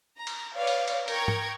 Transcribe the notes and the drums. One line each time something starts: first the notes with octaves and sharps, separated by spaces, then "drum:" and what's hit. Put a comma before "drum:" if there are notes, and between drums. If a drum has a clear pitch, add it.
A#5
drum: cymbal
B4 C#5 D5 F5
drum: cymbal
drum: cymbal
A#4 G5 A#5 C#6 G#6, drum: cymbal
drum: tom